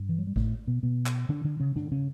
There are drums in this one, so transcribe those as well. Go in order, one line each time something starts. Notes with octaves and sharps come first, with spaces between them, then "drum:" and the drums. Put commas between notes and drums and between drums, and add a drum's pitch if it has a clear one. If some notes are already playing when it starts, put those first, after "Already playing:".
Already playing: G2
E3
F#3
G3
A2 A3, drum: kick G#1
B2 B3
B2 B3
drum: clap
D3 D4
D3 D4
C#3 C#4
D3 D4, drum: tom G2
C#3 C#4